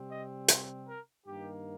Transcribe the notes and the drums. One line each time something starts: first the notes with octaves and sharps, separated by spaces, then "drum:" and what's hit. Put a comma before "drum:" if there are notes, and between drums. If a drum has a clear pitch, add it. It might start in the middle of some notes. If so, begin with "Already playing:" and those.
Already playing: C3 G3 C4
D#5
C5, drum: hi-hat
A#4
G2 D#3 A#3 G4